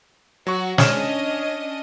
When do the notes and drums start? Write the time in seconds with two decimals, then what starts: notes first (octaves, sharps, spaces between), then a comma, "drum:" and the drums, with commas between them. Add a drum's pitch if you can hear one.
0.47 F#3 F#4 C#6
0.78 C#4 D4 C#5 D#5 F6 E7, drum: snare